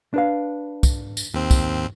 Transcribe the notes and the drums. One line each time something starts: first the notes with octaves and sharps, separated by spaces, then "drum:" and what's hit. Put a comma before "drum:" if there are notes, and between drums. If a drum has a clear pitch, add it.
D4 B4 F5
drum: kick, tambourine
drum: tambourine
D#2 C4
drum: kick, tambourine